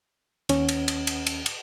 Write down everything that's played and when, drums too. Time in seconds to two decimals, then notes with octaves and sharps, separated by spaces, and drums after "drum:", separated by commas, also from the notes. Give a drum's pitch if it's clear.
0.49 D#2 C#4, drum: cymbal
0.68 drum: cymbal
0.88 drum: cymbal
1.07 drum: cymbal
1.27 drum: cymbal
1.46 drum: cymbal